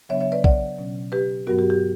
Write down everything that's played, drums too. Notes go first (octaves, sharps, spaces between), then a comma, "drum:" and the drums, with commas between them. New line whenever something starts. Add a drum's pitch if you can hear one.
C#3 F#3 B3 D4 C#5 E5
C#5 E5
B4 D5
D5 F#5, drum: kick
B2 F#3 C#4
G4 B4
G2 F#3 B3 F#4 A#4
G4
G4